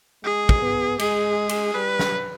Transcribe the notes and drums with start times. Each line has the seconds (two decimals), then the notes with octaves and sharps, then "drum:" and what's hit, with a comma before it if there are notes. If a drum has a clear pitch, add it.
0.24 G#3 G#4
0.49 drum: kick
0.61 B3
0.99 G#3 G#4, drum: cymbal
1.49 drum: cymbal
1.74 G3 B4
1.99 drum: snare